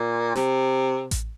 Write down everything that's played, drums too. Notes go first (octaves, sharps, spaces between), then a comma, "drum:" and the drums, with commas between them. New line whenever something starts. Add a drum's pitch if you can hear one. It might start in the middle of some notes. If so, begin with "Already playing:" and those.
Already playing: A#2
C3, drum: snare
drum: kick A1, hi-hat